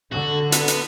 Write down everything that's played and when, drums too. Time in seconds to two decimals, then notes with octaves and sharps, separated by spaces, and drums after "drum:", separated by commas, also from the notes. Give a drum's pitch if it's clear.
0.12 D3 F#4
0.52 B3, drum: hi-hat
0.68 drum: hi-hat